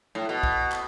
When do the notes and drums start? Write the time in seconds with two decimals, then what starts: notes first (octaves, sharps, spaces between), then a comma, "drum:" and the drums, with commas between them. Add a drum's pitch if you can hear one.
0.15 A2
0.29 B2
0.43 drum: kick
0.72 drum: clap